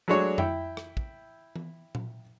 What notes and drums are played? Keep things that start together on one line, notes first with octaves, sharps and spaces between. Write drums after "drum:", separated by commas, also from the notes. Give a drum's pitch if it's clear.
F#3 G#3 A3 D4 F#4 C#5
E4 E5 G5, drum: tom F2
drum: rim click
drum: kick
drum: tom E3
drum: tom A#2